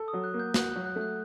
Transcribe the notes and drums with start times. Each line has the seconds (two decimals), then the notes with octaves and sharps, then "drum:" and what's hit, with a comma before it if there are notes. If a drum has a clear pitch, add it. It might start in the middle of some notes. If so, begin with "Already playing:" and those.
Already playing: A4
0.08 D#6
0.13 F#3
0.24 F#6
0.34 A#3
0.40 G6
0.54 F#4 F#6, drum: snare
0.70 F#6
0.76 F#3
0.86 F#6
0.96 A3
1.01 F#6